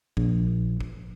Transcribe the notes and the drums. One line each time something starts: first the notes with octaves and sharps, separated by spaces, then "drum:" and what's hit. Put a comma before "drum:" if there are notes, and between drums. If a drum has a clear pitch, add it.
A#1, drum: kick
drum: kick